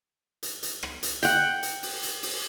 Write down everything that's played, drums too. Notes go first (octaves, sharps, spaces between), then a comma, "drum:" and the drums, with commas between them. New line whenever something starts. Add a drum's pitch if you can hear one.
drum: hi-hat
drum: hi-hat
drum: rim click
drum: hi-hat
F#5 G5, drum: hi-hat
drum: hi-hat
drum: open hi-hat
drum: hi-hat
drum: open hi-hat